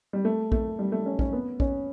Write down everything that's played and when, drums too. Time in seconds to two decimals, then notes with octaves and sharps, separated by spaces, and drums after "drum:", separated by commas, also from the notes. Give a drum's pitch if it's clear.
0.13 G3
0.25 A3
0.52 A3, drum: kick
0.79 G3
0.92 A3
1.06 C#4
1.19 C#4, drum: kick
1.33 B3
1.60 C#4, drum: kick